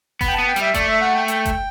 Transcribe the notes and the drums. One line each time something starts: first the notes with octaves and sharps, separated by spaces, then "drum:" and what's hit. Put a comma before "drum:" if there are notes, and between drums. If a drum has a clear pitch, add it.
B3 B5, drum: kick F#1, open hi-hat
G5
B3 A5
G5
G3, drum: hi-hat
E5
A3 D5, drum: kick F#1, hi-hat
E5
F#5
G5
G5, drum: hi-hat
drum: kick F#1, hi-hat